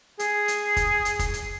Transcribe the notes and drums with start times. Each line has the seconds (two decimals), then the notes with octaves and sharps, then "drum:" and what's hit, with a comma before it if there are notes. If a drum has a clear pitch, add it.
0.19 G#4, drum: hi-hat
0.48 drum: hi-hat
0.77 drum: kick, hi-hat
1.05 drum: hi-hat
1.19 drum: kick, hi-hat
1.34 drum: hi-hat